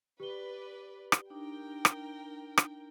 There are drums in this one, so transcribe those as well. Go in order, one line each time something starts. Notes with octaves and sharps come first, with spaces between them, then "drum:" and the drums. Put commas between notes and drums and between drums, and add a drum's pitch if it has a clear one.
G4 B4 D5 G7
drum: rim click
D4 D#4 A#4 G5
drum: rim click
drum: rim click